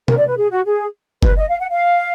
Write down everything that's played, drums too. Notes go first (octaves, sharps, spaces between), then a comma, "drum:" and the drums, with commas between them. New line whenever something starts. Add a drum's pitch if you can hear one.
A#4, drum: tom B2
D5
B4
G#4
F#4
G#4
B4, drum: kick F#1
D#5
F5
F#5
F5